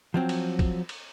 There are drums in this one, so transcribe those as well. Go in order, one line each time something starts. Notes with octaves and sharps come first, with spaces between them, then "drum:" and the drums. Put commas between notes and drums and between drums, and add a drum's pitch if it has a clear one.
F3 F#3 C4
drum: cymbal
drum: kick, cymbal
drum: cymbal